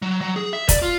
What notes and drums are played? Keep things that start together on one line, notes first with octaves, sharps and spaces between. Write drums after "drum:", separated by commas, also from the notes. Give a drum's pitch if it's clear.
F#3
F#3
G#4
E5
D5, drum: kick, hi-hat
F4